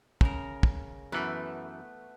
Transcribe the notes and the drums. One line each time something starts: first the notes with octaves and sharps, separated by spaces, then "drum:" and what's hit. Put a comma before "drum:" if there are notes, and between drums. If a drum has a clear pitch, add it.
C#3 A#4, drum: kick
drum: kick
F#2 E3 A3 B3